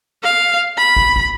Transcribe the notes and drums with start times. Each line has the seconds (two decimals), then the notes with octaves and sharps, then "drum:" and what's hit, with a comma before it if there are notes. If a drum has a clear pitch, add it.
0.23 F5
0.77 B5
0.96 drum: kick
1.16 drum: kick